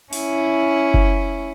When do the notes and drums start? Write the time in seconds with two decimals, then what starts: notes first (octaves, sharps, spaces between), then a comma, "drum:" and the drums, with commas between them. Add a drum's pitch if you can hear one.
0.13 C#4 E4, drum: open hi-hat
0.94 drum: kick F#1